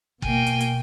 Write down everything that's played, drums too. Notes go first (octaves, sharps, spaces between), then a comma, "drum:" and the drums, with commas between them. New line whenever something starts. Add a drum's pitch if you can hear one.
B2 A#3 G5 G#5, drum: kick
drum: hi-hat
drum: hi-hat